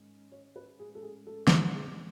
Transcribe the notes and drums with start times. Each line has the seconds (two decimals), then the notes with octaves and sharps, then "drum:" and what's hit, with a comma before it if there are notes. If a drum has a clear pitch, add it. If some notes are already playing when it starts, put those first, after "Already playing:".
Already playing: G#2 D#3 G#3 C#4
0.32 C#5
0.56 B4
0.79 A2 G#3 C#4 G#4
0.95 A4
1.03 G#4
1.27 A4
1.47 drum: snare
1.75 G#4